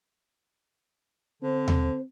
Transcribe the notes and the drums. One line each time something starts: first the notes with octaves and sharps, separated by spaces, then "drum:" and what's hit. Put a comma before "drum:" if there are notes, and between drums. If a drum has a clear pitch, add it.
D3 C4 C5
drum: tom D#2